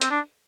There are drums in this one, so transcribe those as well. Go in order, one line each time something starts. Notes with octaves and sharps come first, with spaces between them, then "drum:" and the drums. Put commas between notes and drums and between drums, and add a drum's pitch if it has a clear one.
C4, drum: hi-hat
D4